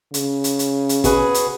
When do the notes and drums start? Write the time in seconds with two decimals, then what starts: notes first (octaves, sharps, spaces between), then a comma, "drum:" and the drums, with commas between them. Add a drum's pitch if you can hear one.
0.14 C#3, drum: hi-hat
0.44 drum: hi-hat
0.59 drum: hi-hat
0.89 drum: hi-hat
1.04 F#4 G#4 B4, drum: kick, hi-hat
1.34 drum: hi-hat